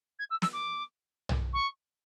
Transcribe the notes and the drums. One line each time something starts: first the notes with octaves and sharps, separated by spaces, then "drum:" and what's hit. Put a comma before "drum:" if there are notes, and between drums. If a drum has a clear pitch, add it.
G#6
E6
E6, drum: snare
D6
drum: tom B1
C#6